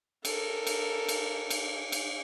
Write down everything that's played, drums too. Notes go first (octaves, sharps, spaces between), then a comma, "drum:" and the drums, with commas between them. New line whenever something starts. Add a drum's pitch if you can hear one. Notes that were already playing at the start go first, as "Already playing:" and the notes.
A4 A#4, drum: cymbal
drum: cymbal
drum: cymbal
drum: cymbal
drum: cymbal